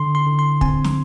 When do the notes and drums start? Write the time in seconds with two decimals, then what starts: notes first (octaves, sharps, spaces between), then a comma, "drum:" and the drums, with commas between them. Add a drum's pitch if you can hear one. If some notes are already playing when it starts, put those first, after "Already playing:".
Already playing: D3 C6
0.15 C6
0.26 D3
0.39 C6
0.61 C4 G#5, drum: kick
0.84 drum: snare